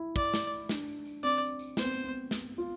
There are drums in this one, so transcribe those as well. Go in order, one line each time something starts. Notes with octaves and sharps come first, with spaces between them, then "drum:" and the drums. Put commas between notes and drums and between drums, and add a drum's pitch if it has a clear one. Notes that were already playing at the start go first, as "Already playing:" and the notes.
Already playing: E4
D5, drum: kick, tambourine
drum: snare
drum: tambourine
D4, drum: snare
drum: tambourine
drum: tambourine
C4 D5, drum: tambourine
drum: tambourine
drum: tambourine
B3 C5, drum: snare
C4
B3, drum: tambourine
C4
drum: snare
F4